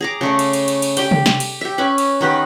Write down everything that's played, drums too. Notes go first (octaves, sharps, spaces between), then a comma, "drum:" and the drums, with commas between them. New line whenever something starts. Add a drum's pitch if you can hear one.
G#4 A#5 D6
C#3 A3 D5
drum: cymbal
drum: cymbal
drum: cymbal
drum: cymbal
G4 D5 G5, drum: cymbal
drum: tom
drum: snare
drum: cymbal
G4 E5
C#4 B4 E5 G#5
drum: cymbal
D#3 B3 G4 B4